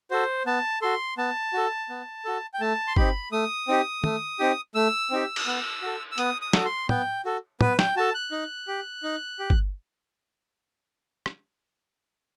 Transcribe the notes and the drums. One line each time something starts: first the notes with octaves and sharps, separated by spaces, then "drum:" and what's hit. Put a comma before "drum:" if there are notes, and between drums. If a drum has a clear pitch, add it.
F#4 A4 C5
B3 A5
F#4 A4 C6
B3 A5
F#4 A4
B3
F#4 A4
G5
A3 A5
C6
C4 D#4 G4 B5, drum: kick
A3 D#6
C4 D#4 G4
A3, drum: tom
C4 D#4 G4
A3 E6
C4 D#4 G4
drum: cymbal
B3
F#4 A4
E6
B3 D#6, drum: hi-hat
D#6
F#4 A4, drum: snare
C6
B3 G5, drum: tom
F#4 A4
B3 B4, drum: tom
G5, drum: snare
F#4 A4 A5
F#6
D#4
G4
D#4
G4
drum: kick
drum: rim click